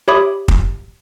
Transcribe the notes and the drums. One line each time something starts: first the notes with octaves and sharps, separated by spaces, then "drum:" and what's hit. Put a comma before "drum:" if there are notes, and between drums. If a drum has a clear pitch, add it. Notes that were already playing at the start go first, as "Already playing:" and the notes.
G4 C#5 E5 B5 D6 D#6
drum: kick